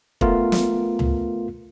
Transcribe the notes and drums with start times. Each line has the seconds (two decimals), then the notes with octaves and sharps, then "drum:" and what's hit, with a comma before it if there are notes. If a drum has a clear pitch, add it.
0.21 A3 B3 F4 A#4, drum: kick
0.52 drum: snare
0.99 drum: tom C#2